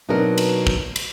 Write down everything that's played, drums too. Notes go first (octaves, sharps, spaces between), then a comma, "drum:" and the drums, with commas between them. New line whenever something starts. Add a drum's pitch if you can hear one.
B2 F#3 C4 D4 D#4 A#4
drum: cymbal
drum: kick
drum: cymbal